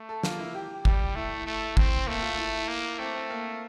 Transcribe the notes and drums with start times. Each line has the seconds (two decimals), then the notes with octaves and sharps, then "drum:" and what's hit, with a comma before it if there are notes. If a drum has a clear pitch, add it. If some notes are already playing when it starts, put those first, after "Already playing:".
Already playing: A3
0.09 A4
0.23 A#3 F4, drum: snare
0.39 E4
0.55 G4
0.85 G3, drum: kick
1.16 A3 E4
1.46 A3
1.77 C4, drum: kick
2.07 A3 A#3
2.22 F4
2.38 E4
2.68 A#3
2.99 A3 C4
3.15 C4
3.30 A#3